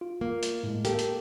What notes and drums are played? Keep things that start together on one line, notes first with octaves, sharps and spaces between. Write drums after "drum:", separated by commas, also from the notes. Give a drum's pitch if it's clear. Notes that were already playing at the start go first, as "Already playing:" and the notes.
F4
A#3
drum: hi-hat
A2 G#3
A#3 G4 A4 A#4, drum: hi-hat
drum: hi-hat